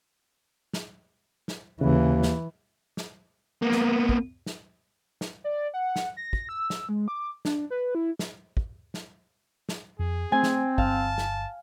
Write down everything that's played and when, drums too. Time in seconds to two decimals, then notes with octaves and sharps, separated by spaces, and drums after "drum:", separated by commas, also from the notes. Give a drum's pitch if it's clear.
0.73 drum: snare
1.48 drum: snare
1.81 D#2 C#3 E3
2.23 drum: snare
2.97 drum: snare
3.62 A#3 B3
3.72 drum: snare
4.09 drum: kick
4.46 drum: snare
5.21 drum: snare
5.44 D5
5.74 F#5
5.96 drum: snare
6.17 A#6
6.33 drum: kick
6.49 E6
6.70 drum: snare
6.89 G#3
7.08 D6
7.45 D4, drum: snare
7.70 B4
7.95 E4
8.19 drum: snare
8.57 drum: kick
8.94 drum: snare
9.69 drum: snare
9.99 F2 G#4
10.32 A3 C4 G#5
10.43 drum: snare
10.78 G1 F5 A5, drum: kick
11.18 drum: snare